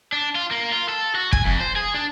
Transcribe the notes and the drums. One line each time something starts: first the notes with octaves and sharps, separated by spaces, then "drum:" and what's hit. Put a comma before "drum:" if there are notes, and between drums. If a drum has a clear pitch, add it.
D4
F4
A#3
F4
A4
F#4
G#5, drum: kick
F2
C5
G#4
D4